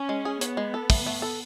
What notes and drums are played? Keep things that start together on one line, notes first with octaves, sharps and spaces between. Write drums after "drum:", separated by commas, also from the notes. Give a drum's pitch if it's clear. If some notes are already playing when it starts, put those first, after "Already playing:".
Already playing: C#4
G#3
G#4
B3 C#5, drum: hi-hat
G#3
A4
A3, drum: kick, open hi-hat
A3
A4